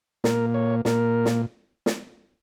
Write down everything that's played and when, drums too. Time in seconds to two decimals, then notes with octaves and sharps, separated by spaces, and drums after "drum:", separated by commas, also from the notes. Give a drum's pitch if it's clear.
0.24 A#2 A#3 A#4, drum: snare
0.54 C#5
0.85 A#2 A#3 A#4, drum: snare
1.25 drum: snare
1.86 drum: snare